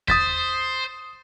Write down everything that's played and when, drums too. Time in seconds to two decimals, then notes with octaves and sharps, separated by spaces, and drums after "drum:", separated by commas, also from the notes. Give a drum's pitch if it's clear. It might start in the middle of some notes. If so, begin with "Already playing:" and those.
0.08 C5 D#6 A6 B6, drum: kick E2